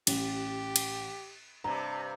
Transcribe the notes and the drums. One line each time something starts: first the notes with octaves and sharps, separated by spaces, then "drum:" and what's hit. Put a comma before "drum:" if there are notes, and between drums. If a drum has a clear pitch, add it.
A1 G4, drum: cymbal
drum: cymbal
G2 C3 A#5